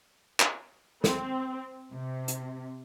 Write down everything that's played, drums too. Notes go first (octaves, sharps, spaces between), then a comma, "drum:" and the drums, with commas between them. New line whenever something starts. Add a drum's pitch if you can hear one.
drum: clap
C4, drum: snare
C3
drum: hi-hat